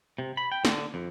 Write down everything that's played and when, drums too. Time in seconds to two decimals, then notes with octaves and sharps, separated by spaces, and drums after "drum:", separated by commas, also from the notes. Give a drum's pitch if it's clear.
0.19 C3
0.37 B5
0.52 G5
0.65 D3, drum: snare
0.94 F2